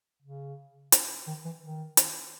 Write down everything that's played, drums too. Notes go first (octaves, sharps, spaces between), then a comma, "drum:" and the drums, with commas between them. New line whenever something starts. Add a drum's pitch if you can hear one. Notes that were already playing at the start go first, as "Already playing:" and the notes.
C#3
drum: hi-hat
D#3
E3
D#3
drum: hi-hat